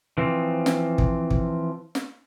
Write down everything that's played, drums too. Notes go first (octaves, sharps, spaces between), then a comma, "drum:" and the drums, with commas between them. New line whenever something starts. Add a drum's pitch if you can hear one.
E3 F3 C4
drum: snare
drum: kick
drum: kick
drum: snare